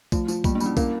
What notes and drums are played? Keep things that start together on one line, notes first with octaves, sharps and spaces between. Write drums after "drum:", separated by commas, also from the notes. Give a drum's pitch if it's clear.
F3 A3, drum: kick, tambourine
F3, drum: tambourine
G3 A#3, drum: kick, tambourine
A#3 D4
G3, drum: tambourine
C#4 E4
A#3 C#4 E4, drum: kick, tambourine